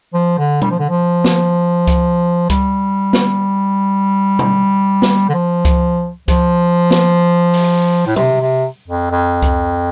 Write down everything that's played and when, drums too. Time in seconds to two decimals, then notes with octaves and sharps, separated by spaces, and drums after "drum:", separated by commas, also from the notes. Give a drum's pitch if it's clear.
0.14 F3
0.38 D3
0.61 G3, drum: tom B2
0.71 F3
0.79 D3
0.89 F3
1.24 drum: snare
1.87 drum: kick C#2, hi-hat
2.50 G3, drum: kick C#2, hi-hat
3.13 drum: snare
4.39 drum: tom B2
5.02 drum: snare
5.29 D3
5.34 F3
5.65 drum: kick C#2, hi-hat
6.28 F3, drum: kick C#2, hi-hat
6.91 drum: snare
7.54 drum: open hi-hat
8.06 A2
8.16 C3, drum: tom B2
8.40 C3
8.88 F2
9.11 F2
9.42 drum: kick C#2, hi-hat